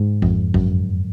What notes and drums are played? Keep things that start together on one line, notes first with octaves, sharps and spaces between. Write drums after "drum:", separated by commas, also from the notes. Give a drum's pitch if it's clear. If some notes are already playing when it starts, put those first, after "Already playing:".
Already playing: G#2
F2, drum: kick G#1
F#2, drum: kick G#1